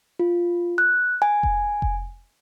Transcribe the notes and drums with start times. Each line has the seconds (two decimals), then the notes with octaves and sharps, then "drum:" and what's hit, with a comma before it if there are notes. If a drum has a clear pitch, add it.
0.19 F4
0.78 F#6
1.22 G#5
1.43 drum: kick F1
1.82 drum: kick F1